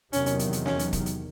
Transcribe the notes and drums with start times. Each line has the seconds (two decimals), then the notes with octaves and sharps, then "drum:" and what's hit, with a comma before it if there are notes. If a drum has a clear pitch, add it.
0.13 E2 C3 D#3 F#3 C#4, drum: hi-hat
0.26 drum: hi-hat
0.39 drum: hi-hat
0.53 drum: hi-hat
0.66 C#4, drum: snare
0.79 drum: hi-hat
0.93 drum: kick, hi-hat
1.06 drum: hi-hat